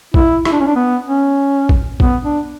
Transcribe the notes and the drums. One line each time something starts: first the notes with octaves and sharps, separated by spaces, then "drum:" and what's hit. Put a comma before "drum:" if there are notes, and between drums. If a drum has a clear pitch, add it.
E4, drum: kick A#1
E4, drum: rim click
D4
C#4
D4
B3
C#4
drum: kick A#1
B3, drum: kick A#1
D4